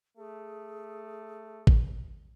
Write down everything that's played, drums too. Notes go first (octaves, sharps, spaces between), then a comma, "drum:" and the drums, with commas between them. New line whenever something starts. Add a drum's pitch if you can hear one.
A3 G#4
drum: kick G#1